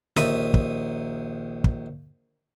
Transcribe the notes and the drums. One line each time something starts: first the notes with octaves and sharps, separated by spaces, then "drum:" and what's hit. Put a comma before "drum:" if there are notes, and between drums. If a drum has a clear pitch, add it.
A#1 D#2 E5 D#6, drum: snare
drum: kick
drum: kick